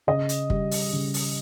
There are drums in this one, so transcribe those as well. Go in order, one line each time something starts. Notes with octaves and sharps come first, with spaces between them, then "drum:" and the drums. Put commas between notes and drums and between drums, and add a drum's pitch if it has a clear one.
C#3 D#5
drum: hi-hat
G3, drum: kick
drum: open hi-hat
C#3
drum: open hi-hat